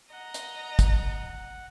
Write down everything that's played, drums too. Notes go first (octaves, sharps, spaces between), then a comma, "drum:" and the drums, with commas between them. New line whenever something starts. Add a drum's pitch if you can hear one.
D#5 F#5 A#5
drum: hi-hat
drum: kick, hi-hat